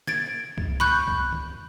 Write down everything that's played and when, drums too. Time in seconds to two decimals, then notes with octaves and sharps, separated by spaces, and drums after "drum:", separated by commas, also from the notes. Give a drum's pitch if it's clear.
0.07 G#6 A6 D7, drum: snare
0.57 drum: kick C2
0.80 B5 C#6 F#6 G6, drum: snare
1.08 drum: kick C2
1.33 drum: tom